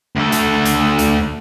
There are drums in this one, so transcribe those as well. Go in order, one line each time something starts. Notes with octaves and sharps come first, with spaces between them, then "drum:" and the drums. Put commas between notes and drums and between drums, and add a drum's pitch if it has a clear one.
D2 A4
drum: hi-hat
drum: hi-hat
drum: hi-hat